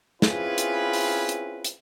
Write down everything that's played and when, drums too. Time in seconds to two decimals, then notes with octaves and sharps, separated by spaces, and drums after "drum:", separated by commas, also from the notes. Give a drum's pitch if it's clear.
0.22 C4 C#4 E4 F4 G#4 B4, drum: snare
0.58 drum: hi-hat
0.93 drum: open hi-hat
1.29 drum: hi-hat
1.64 drum: hi-hat